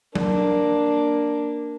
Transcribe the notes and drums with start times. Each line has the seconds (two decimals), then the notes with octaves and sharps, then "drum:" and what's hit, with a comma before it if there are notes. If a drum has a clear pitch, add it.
0.15 A#3 D4, drum: tom F#3